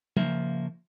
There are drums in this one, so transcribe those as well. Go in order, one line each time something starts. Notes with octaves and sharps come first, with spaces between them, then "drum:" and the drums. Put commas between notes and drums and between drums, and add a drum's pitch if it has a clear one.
C#3 F3 A#3 E5, drum: tom